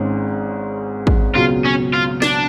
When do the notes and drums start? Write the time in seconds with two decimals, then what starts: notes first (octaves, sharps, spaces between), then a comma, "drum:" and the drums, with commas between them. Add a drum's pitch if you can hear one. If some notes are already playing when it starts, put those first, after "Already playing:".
Already playing: G#1 G#2 G#3 C#4
1.07 drum: kick
1.35 C#2 B2 F#3 F4
1.65 C#4
1.94 F4
2.22 D4, drum: snare